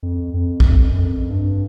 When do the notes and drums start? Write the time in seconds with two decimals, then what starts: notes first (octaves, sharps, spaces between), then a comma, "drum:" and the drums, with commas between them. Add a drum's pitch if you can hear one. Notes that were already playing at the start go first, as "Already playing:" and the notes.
0.03 F2
0.34 F2
0.60 E2, drum: kick
0.66 F2
0.88 F#2
0.99 F2
1.30 G2